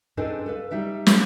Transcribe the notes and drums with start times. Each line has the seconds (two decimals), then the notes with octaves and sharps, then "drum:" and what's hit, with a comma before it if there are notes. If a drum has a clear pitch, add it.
0.17 C4 D4 D#4 G#4 A4 B4
0.46 A4 B4 F5
0.71 G3 D#4 E5 G5
1.06 drum: snare